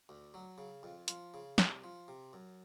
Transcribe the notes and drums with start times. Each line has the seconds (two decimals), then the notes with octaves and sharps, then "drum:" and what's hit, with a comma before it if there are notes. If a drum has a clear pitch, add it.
0.09 D2
0.34 F#3
0.58 C#3
0.83 F2
1.08 F3, drum: hi-hat
1.34 C#3
1.58 C2, drum: snare
1.84 F3
2.08 C3
2.33 F#2